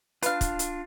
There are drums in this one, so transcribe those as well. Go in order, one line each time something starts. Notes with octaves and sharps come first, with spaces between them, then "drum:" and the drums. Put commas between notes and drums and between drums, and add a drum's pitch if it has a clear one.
D4 F4 B4 F5, drum: hi-hat
drum: kick, hi-hat
drum: hi-hat